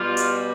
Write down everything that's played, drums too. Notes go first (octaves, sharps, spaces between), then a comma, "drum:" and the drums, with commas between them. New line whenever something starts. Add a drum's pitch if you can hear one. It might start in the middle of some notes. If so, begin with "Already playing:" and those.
Already playing: B2 G3 F4
drum: hi-hat